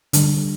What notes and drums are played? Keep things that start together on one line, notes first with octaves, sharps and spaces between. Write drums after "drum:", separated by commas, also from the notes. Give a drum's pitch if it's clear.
D3 G3, drum: hi-hat